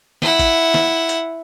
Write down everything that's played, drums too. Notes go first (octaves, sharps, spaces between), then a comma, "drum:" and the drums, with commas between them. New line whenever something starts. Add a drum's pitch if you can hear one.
E4 F#5, drum: snare
drum: kick, hi-hat
drum: snare
drum: hi-hat